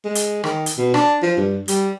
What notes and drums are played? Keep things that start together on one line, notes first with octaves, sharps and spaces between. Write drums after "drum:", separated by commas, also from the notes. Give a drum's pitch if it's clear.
G#3
drum: hi-hat
D#3, drum: rim click
drum: hi-hat
B2
D4, drum: rim click
F3
G2
G3, drum: hi-hat